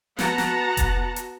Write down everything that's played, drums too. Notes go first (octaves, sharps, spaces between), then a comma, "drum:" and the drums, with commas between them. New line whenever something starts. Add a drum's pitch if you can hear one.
B3 F#4 F#5 A5 A#5, drum: snare
drum: snare
drum: kick F1, hi-hat
drum: hi-hat